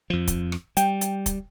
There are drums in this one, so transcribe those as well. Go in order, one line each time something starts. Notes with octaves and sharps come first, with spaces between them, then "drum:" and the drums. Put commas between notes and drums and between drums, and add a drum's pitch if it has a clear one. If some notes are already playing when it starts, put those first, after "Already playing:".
F2 F3
drum: kick, hi-hat
drum: rim click
G3 G5, drum: hi-hat
drum: hi-hat
drum: kick, hi-hat